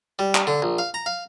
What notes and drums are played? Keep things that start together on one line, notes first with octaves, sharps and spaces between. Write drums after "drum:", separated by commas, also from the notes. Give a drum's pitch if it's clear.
G3
drum: clap
D3
A#1
F5
A#5
F5